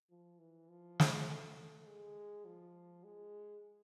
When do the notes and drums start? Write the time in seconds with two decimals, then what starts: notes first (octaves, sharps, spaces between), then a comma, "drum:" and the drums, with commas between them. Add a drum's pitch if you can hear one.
0.10 F3
0.39 E3
0.69 F3
1.00 drum: snare
1.27 A3
1.87 G#3
2.45 F3
3.04 G#3